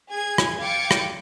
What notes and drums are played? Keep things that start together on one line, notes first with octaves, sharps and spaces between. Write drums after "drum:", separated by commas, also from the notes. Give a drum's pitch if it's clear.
G#4 G#6
drum: rim click
F5 G5 D6 G#6 A6 C#7
drum: rim click